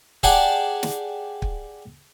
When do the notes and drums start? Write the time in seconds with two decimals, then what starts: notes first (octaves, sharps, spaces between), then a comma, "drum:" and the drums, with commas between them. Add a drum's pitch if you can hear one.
0.23 G4 G#4 D5 F#5 G#5 A5, drum: kick
0.83 drum: snare
1.42 drum: kick